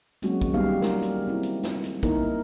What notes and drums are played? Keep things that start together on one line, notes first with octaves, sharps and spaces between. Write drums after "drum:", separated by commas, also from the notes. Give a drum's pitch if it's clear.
F#3 G#3 A#3 C4 C#4 F#4, drum: hi-hat
drum: kick
D#3 G3 B3 D#4 G4 F5
G#3 A#4, drum: snare
drum: hi-hat
C4 E4
drum: hi-hat
drum: snare
drum: hi-hat
A#3 B3 D#4 E4 A#4, drum: kick, hi-hat